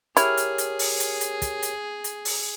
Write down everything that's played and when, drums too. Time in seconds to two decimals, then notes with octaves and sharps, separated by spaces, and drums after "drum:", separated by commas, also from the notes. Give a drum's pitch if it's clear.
0.17 E4 G4 G#4 A#4 C#5 F6, drum: hi-hat
0.37 drum: hi-hat
0.58 drum: hi-hat
0.79 drum: open hi-hat
1.00 drum: hi-hat
1.21 drum: hi-hat
1.42 drum: kick, hi-hat
1.63 drum: hi-hat
2.04 drum: hi-hat
2.25 drum: open hi-hat